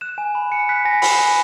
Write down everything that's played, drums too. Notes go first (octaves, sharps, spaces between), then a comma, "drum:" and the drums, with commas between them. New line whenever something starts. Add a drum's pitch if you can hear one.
F#6 E7
G#5
B5
G#5 C#7
F#6 B6
G#5 A#6
B5, drum: open hi-hat
G#5